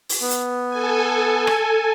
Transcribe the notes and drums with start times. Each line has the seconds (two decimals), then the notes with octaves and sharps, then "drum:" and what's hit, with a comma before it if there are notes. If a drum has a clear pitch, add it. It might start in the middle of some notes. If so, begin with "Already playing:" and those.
0.09 drum: open hi-hat
0.21 B3
0.31 drum: hi-hat
0.69 A4 G#5
1.47 drum: rim click